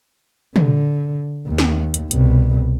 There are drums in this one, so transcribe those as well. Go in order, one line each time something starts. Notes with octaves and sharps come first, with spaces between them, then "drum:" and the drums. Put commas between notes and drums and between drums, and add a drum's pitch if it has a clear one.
D3, drum: tom
D#2
drum: snare
drum: hi-hat
C2 B2, drum: hi-hat